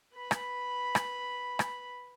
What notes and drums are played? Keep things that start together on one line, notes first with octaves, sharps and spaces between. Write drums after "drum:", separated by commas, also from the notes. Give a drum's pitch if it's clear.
B4 B5
drum: rim click
drum: rim click
drum: rim click